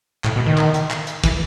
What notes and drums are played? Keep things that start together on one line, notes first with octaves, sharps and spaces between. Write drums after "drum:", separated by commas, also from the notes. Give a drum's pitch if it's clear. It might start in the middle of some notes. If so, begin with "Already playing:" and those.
A2, drum: clap
B2
D#3
drum: clap
drum: hi-hat
drum: clap
drum: hi-hat
E3, drum: kick, hi-hat